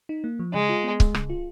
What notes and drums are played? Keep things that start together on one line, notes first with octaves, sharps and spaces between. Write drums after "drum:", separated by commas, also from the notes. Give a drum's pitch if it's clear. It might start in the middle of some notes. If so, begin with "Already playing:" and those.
D#4
A#3
F3
C#3 G#3
F4
B3
G#3, drum: kick C#1
C#3, drum: rim click
F4